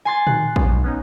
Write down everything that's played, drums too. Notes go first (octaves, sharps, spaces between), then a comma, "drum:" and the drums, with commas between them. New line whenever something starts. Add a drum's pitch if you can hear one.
G#5 C6 A6
D#3 F#6, drum: tom A#2
F3 F#3 B3, drum: kick
B1 G#2
B3 C#4 D#4